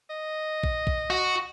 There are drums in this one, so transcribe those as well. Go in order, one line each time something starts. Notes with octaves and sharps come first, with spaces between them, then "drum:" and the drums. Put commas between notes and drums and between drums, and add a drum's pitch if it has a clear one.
D#5
drum: kick A#1
drum: kick A#1
F#4